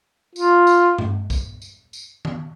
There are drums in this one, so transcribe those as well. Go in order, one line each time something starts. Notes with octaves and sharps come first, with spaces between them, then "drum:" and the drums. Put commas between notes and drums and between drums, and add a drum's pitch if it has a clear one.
F4, drum: tambourine
drum: tambourine
drum: tom G2
drum: kick, tambourine
drum: tambourine
drum: tambourine
drum: tom D#3